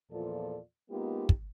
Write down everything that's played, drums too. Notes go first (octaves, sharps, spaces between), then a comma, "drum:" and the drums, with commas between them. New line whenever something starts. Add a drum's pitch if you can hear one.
E2 A#2 F3 F4 A4 D5
G#3 A#3 B3 D#4 F4 G4
drum: kick